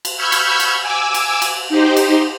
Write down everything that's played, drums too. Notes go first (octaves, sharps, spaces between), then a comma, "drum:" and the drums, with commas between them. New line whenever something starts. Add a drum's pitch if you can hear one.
drum: cymbal
B5 C#6 E6 F6 G6 G#6
drum: cymbal
drum: cymbal
G#5 D6 E6
drum: cymbal
drum: cymbal
D#4 G4 C5
drum: cymbal